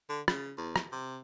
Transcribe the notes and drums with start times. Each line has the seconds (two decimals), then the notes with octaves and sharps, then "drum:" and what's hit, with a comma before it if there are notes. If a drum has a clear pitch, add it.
0.09 D3
0.28 C#3, drum: rim click
0.58 E2
0.76 drum: rim click
0.92 C3